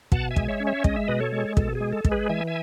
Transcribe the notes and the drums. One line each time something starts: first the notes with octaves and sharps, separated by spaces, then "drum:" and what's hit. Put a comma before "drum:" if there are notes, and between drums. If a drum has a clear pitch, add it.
B2 F#5 A5, drum: kick
E5 G#5
G#3, drum: kick
C#5 E5
C#4
C#5 E5
G#3 D#5, drum: kick
E5
B2 B4 D#5
A4 C#5
G#3
B2 A4, drum: kick
G#4
G#3
A4
G#3, drum: kick
G#4 B4
E3 E5 G#5
E5 G#5